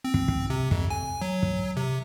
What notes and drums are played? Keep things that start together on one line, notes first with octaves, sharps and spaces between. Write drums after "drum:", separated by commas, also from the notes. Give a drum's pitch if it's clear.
C4
drum: kick
drum: kick
C3
F2, drum: kick
G#5
F#3
drum: kick
C3